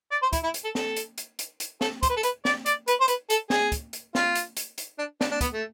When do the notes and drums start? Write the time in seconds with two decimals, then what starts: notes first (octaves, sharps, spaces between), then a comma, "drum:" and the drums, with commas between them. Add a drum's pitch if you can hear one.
0.11 D5
0.22 C5
0.33 E4, drum: kick, hi-hat
0.43 E4
0.54 drum: hi-hat
0.64 A4
0.75 A4, drum: snare C4
0.96 drum: hi-hat
1.18 drum: hi-hat
1.39 drum: hi-hat
1.60 drum: hi-hat
1.81 A4, drum: snare C4
2.03 C5, drum: kick, hi-hat
2.09 B4
2.17 A4
2.23 B4, drum: hi-hat
2.45 D5, drum: snare C4
2.66 D5, drum: hi-hat
2.88 B4, drum: hi-hat
3.00 C5
3.08 B4, drum: hi-hat
3.30 A4, drum: hi-hat
3.50 G#4, drum: snare C4
3.72 drum: kick, hi-hat
3.93 drum: hi-hat
4.15 F4, drum: snare C4
4.35 drum: hi-hat
4.57 drum: hi-hat
4.78 drum: hi-hat
4.98 D4
5.21 D4, drum: snare C4
5.31 D4
5.41 B3, drum: kick, hi-hat
5.53 A3